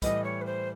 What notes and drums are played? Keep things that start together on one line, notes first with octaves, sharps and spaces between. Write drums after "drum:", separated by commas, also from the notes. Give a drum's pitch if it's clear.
A2 E3 G3 D#5, drum: kick, hi-hat
C#5
B4
C5